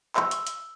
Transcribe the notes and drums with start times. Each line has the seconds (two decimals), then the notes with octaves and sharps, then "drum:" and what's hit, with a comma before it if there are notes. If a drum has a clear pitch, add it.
0.16 E6, drum: clap
0.31 drum: hi-hat
0.47 drum: hi-hat